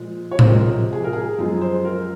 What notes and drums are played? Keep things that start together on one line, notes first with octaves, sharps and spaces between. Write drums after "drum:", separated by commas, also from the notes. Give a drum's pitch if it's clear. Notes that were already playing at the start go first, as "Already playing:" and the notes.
Already playing: A#2 F3 G#3
C#5
C5, drum: tom A2
C3 F3 G#3 A#4
G#4
A#4
G#4
F#2 F3 G#3 G#4
C5
A#4